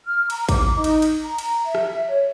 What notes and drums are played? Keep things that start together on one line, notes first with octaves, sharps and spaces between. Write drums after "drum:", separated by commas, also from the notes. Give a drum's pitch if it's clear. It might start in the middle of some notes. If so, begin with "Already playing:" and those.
F6
A#5, drum: cymbal
D6, drum: kick, cymbal
D#4
drum: cymbal
drum: cymbal
A#5
drum: cymbal
E5
drum: rim click
C#5